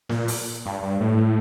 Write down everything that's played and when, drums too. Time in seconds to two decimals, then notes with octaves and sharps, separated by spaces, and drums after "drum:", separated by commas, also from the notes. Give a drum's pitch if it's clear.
0.09 A#2, drum: snare
0.28 drum: open hi-hat
0.66 G2
0.82 G2
1.00 A2